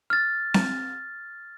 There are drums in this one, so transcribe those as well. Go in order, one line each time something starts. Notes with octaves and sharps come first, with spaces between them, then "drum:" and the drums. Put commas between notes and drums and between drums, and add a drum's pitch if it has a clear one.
F6 A6
drum: snare C4